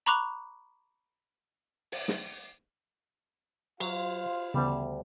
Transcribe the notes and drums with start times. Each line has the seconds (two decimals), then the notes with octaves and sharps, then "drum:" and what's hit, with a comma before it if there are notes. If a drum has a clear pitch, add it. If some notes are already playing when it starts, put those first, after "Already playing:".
0.06 A#5 B5 C#6 D6 F#6 F7
1.92 drum: open hi-hat
2.08 drum: snare
3.80 F#3 F4 C5 F5 G5, drum: cymbal
4.54 D2 C#3 E3 G3 B3